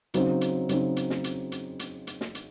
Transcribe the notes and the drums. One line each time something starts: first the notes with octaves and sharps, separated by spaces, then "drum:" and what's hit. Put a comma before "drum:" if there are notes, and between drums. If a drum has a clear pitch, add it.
C#3 F#3 C4 D#4, drum: hi-hat
drum: hi-hat
C#3 F#3 C4 D#4, drum: hi-hat
drum: hi-hat
drum: snare
drum: hi-hat
drum: hi-hat
drum: hi-hat
drum: hi-hat
drum: snare
drum: hi-hat